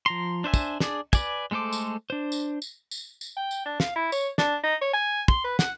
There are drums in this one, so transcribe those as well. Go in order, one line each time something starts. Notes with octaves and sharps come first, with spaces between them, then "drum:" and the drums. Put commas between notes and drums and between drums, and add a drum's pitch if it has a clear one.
F3 A#5 C6
D4 C5 E5 G#5
drum: kick, tambourine
D4 G#4 D5, drum: snare
B4 D5 G#5, drum: kick, tambourine
G#3 A3 A4 C5 D6
drum: tambourine
D4 C5
drum: tambourine
drum: tambourine
drum: tambourine
drum: tambourine
G5
drum: tambourine
D4
F5, drum: snare
E4
C#5, drum: tambourine
D4, drum: snare
D#4
C#5
G#5
C6, drum: kick
B4
F#5, drum: snare